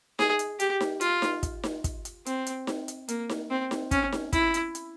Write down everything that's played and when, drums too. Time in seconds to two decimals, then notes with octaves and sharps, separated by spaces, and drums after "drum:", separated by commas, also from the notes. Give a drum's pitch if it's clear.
0.19 G#4, drum: snare D#4
0.39 drum: hi-hat
0.60 G4, drum: hi-hat
0.81 drum: snare D#4
1.01 F4, drum: hi-hat
1.22 drum: snare D#4
1.43 drum: kick, hi-hat
1.63 drum: snare D#4
1.84 drum: kick, hi-hat
2.05 drum: hi-hat
2.26 C4, drum: hi-hat
2.46 drum: hi-hat
2.67 drum: snare D#4
2.88 drum: hi-hat
3.08 A#3, drum: hi-hat
3.29 drum: snare D#4
3.50 C4
3.71 drum: snare D#4
3.91 C#4, drum: kick, hi-hat
4.12 drum: snare D#4
4.33 E4, drum: kick, hi-hat
4.54 drum: hi-hat
4.75 drum: hi-hat